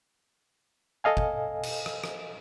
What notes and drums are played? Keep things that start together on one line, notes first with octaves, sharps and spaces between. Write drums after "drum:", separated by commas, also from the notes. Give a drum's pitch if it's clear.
A4 D#5 F5 G#5
drum: kick
drum: cymbal
drum: rim click
drum: rim click